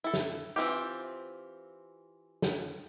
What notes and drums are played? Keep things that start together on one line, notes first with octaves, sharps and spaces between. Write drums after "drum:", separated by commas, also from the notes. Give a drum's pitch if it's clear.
E4 A4
drum: snare
E3 C4 F4 G4
drum: snare